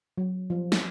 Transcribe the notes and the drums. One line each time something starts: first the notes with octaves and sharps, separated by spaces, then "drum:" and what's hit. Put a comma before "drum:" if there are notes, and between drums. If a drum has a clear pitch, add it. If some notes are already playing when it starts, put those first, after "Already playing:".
F#3
F3
drum: snare